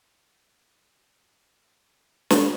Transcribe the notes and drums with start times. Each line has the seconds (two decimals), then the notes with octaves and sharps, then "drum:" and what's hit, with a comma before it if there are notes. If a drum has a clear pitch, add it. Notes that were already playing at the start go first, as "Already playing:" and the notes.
0.07 F2 C3
2.30 drum: snare